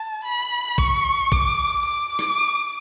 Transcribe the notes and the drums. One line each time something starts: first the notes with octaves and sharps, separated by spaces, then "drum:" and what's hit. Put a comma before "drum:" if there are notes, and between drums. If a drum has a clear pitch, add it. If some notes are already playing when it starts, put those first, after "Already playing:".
Already playing: A5
B5
C#6, drum: kick
D6, drum: kick
D6
drum: rim click